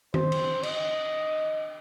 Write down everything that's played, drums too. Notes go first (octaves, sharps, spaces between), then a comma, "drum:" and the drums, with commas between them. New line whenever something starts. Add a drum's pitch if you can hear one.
C5, drum: tom D#3
drum: cymbal
D#5, drum: cymbal